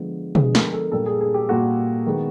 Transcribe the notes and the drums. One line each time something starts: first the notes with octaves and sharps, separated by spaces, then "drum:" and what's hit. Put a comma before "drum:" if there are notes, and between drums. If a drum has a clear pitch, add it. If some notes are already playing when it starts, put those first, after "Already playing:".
Already playing: D3 F3 G#3 B3
D3 F3 G#3 B3 G#4, drum: tom
A#4, drum: snare
A4
A#2 G3 A#3 A4
G#4
G#4
G4
A#2 G3 A#3 F#4
D#3 G#3 B3